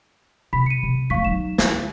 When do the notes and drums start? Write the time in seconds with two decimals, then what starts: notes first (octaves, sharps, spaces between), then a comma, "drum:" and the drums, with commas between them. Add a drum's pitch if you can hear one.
0.53 C3 B5 B6
0.66 C#7 D#7
0.83 C3
1.10 E3 A3 F5 C#6 B6
1.25 F#3 D#4 E7
1.58 D2, drum: snare